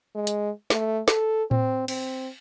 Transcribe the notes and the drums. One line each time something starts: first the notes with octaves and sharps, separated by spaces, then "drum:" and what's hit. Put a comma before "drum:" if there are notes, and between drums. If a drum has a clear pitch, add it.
G#3
drum: hi-hat
A3, drum: snare
A4, drum: snare
C4, drum: tom A2
C4, drum: cymbal